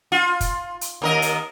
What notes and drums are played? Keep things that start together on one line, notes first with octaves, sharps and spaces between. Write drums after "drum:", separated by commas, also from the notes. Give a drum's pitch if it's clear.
F4
drum: kick, hi-hat
drum: hi-hat
D#2 A#4 D#5
drum: hi-hat